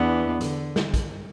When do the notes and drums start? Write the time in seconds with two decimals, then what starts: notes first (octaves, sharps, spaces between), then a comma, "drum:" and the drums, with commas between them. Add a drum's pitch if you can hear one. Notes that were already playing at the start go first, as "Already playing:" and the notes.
Already playing: E2 E3 B3 D4
0.41 D3, drum: hi-hat
0.76 drum: snare
0.94 drum: kick, hi-hat